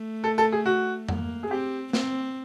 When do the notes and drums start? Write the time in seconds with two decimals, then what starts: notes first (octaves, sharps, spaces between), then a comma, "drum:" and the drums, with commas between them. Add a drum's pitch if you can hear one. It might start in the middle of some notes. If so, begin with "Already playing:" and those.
Already playing: A3
0.24 A4
0.38 A4
0.52 G#4
0.66 F#4
1.08 A#3, drum: tom F2
1.43 G#4
1.51 C4 G4
1.93 C4, drum: snare